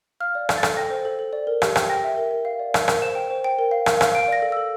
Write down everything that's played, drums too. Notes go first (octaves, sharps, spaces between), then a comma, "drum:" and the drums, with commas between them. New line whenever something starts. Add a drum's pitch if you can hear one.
F5 F6
D5
A4, drum: rim click
A6
A4, drum: rim click
G5 A#6
C5
A4
A4
D5
A#4
G4, drum: rim click
G5, drum: rim click
G5 A#6
E5
A#4
A#4
F5
D5
A#4, drum: rim click
A#4, drum: rim click
C5 E7
G5
C5
G5
A#4
F5
A#4, drum: rim click
F5, drum: rim click
F5 D7
D5 A#6
A4
A4 E6